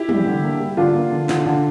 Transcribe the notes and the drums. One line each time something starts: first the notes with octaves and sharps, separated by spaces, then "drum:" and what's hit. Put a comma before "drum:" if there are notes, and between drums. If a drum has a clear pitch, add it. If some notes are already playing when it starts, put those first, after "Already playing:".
Already playing: E4 G4
G3, drum: tom
D3
A#3
G3
D3 D4 F4
A#3
D3
D3, drum: snare
D3